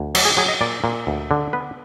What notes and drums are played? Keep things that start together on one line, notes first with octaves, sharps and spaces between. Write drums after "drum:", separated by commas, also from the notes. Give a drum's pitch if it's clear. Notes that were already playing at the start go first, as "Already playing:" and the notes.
Already playing: D2
F#3, drum: cymbal
G#4
F#3 G#4
D#5
A#2 D5
A#2
D2
D3
B3 B4